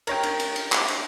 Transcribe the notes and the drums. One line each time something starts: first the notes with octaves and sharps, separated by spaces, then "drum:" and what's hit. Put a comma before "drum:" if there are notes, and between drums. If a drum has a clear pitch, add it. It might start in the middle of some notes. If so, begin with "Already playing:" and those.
A#4 C#5 G5, drum: cymbal
drum: cymbal
drum: cymbal
drum: cymbal
drum: clap
drum: cymbal